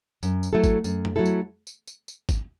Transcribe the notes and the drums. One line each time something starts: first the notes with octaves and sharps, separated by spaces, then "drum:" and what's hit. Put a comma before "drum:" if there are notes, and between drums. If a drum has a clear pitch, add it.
F#2, drum: tambourine
drum: tambourine
F#3 A3 E4 A4
drum: kick, tambourine
F#2, drum: tambourine
drum: tom F2
F#3 A3 E4 A4
drum: tambourine
drum: tambourine
drum: tambourine
drum: tambourine
drum: kick, tambourine